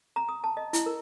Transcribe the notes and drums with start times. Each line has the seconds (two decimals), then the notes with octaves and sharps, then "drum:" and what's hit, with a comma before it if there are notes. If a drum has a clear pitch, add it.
0.16 A#5
0.29 D#6
0.44 A5
0.57 D#5
0.73 E4, drum: hi-hat
0.86 A#4